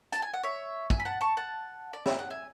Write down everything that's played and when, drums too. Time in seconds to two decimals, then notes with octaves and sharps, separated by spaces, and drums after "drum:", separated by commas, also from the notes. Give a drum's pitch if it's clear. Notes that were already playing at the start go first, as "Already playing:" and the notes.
0.12 A5, drum: hi-hat
0.22 G#5
0.34 F#5
0.43 C#5 E5
0.90 E5 G#5, drum: kick
1.00 B5
1.05 F#5 A5
1.21 A5 C#6
1.37 F#5 A5
1.93 D5
2.06 E5, drum: snare
2.19 F#5
2.30 E5 G#5